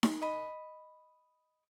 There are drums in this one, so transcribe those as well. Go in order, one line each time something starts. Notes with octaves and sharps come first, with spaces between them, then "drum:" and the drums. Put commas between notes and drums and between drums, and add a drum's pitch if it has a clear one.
drum: snare D#4
D#5 B5